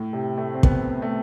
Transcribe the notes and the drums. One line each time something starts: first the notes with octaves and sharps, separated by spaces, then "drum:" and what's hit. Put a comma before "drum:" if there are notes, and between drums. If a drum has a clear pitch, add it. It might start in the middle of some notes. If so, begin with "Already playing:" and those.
Already playing: A2
C3
A3
C4
B3, drum: kick
A3